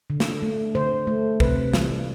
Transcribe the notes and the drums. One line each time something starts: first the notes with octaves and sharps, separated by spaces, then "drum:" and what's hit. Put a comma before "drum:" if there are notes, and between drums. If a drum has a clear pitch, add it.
D3
drum: snare
A3
D3 C5
A3
C3 B4, drum: kick
E3 G3, drum: snare